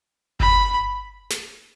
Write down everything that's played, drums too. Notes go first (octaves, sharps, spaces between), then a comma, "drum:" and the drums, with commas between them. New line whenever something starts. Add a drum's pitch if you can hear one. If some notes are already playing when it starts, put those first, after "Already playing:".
B5, drum: kick G1
drum: snare